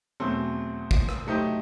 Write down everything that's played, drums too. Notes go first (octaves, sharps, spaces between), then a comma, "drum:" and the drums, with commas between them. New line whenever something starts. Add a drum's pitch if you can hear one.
E2 B2 F#3 A3 C4
drum: kick
drum: rim click
F#3 A3 D#4 G4 C5